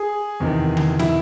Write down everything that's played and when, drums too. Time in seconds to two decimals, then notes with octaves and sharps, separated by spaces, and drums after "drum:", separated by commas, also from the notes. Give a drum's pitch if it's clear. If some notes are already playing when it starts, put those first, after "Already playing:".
Already playing: G#4
0.40 E2 C3 D#3
0.77 drum: tom D3
0.99 E4, drum: snare